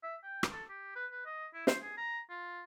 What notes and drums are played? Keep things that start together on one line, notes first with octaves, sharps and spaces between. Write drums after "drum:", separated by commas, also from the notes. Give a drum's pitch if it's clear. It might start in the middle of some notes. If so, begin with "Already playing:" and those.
E5
G5
drum: rim click
A4
G4
B4
B4
D#5
E4
C5, drum: snare
G#4
A#5
F4